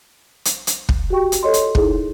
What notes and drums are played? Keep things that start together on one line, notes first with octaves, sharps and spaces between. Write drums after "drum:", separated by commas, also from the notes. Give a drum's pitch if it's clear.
drum: hi-hat
drum: hi-hat
drum: kick
F#4 G4 G5 C#6
drum: hi-hat
A4 C#5 D#5 C6
drum: hi-hat
D#4 E4 G#4, drum: kick